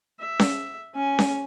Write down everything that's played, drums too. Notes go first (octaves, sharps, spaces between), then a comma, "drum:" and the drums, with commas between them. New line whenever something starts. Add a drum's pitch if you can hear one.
E5
drum: snare C#4
C#4 G#5
drum: snare C#4